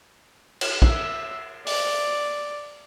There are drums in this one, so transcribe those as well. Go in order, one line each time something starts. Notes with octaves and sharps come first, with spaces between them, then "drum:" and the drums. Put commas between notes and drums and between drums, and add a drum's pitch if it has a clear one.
drum: cymbal
E5, drum: kick
D5, drum: open hi-hat